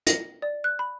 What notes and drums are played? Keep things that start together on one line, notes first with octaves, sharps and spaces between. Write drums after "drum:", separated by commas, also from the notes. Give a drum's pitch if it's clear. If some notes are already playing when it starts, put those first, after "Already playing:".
A#6, drum: hi-hat
D5
F#6
B5